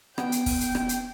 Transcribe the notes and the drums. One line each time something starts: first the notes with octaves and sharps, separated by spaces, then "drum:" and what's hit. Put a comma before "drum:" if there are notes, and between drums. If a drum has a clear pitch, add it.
B3 G5, drum: rim click
drum: hi-hat
drum: kick, open hi-hat
drum: hi-hat
drum: rim click
drum: hi-hat